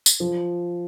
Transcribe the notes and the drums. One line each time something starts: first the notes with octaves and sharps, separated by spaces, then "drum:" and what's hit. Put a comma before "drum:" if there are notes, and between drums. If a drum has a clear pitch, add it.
drum: tambourine
F3